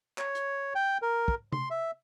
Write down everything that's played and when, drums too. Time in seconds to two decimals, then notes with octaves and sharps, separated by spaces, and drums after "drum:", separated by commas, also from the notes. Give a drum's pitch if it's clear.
0.18 C#5, drum: clap
0.35 drum: hi-hat
0.75 G5
1.02 A#4
1.28 drum: kick
1.52 C6, drum: tom C3
1.70 E5